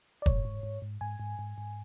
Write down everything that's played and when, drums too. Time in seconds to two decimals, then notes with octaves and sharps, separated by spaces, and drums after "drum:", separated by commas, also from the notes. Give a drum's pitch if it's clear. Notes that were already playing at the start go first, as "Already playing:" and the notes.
0.22 D5
0.26 G#2 C#5, drum: kick
0.45 G#2
0.63 G#2
0.82 G#2
1.01 G#2 G#5
1.20 G#2
1.39 G#2
1.58 G#2